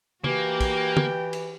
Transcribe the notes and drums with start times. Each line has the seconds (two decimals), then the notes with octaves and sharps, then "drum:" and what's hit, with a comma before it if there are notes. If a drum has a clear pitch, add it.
0.24 E3 A#3 F#4 G4 G5, drum: tom
0.60 drum: kick, cymbal
0.97 drum: tom
1.33 drum: cymbal